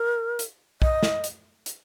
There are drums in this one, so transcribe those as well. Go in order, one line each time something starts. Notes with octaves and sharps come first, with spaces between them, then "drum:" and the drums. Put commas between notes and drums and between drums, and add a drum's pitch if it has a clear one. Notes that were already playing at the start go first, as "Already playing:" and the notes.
Already playing: A#4
drum: hi-hat
D#5, drum: kick B1
drum: snare
drum: hi-hat
drum: hi-hat